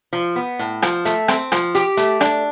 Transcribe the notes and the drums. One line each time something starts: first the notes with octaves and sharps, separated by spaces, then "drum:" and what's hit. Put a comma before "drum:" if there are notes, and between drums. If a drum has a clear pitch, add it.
F3
B3
A2
F3, drum: rim click
A3, drum: hi-hat
C4, drum: rim click
F3, drum: rim click
G4, drum: hi-hat
A3, drum: hi-hat
D4, drum: rim click